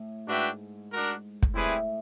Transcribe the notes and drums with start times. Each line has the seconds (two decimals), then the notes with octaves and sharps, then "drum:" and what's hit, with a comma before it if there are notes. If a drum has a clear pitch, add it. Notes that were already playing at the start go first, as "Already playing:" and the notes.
Already playing: A2
0.27 G#2 D4 F#4 B4 E5 G5
0.91 D4 F#4 A#4
1.43 drum: kick
1.54 A2 G3 C4 E4 G#4 B4